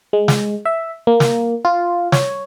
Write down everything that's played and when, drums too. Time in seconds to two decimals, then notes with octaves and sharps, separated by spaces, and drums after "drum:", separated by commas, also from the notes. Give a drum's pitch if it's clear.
0.13 G#3
0.28 drum: snare
0.65 E5
1.07 A#3
1.20 drum: snare
1.65 F4
2.12 C#5, drum: snare